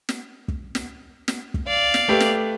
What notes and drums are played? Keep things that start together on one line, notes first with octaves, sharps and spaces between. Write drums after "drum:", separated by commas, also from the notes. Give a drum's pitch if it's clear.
drum: snare
drum: kick
drum: snare
drum: snare
drum: kick
D5 F5
drum: snare
A3 G4 B4
drum: snare